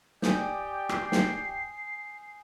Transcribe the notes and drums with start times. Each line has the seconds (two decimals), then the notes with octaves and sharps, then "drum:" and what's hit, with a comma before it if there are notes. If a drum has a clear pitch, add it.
0.22 G4 D5 G5 G#5 D#6 G6, drum: snare
0.89 C7, drum: rim click
1.12 drum: snare